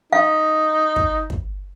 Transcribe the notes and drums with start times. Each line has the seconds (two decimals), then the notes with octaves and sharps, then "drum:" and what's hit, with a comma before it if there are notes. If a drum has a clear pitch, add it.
0.13 D#4 F5
0.96 drum: kick
1.30 drum: kick